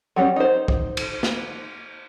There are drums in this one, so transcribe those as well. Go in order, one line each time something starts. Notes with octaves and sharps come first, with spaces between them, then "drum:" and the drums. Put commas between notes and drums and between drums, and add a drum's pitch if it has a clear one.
F#3 G3 C#4
D#4 C5
drum: kick
drum: cymbal
drum: snare